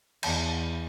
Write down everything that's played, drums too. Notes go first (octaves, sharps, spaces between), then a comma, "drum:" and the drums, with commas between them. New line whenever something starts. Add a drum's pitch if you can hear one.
E2, drum: cymbal